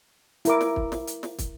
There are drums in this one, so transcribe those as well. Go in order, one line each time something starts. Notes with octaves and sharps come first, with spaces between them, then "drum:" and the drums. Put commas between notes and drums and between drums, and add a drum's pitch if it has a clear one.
E4 A#4 D6, drum: hi-hat
drum: snare
drum: kick
drum: snare
drum: hi-hat
drum: snare
drum: kick, hi-hat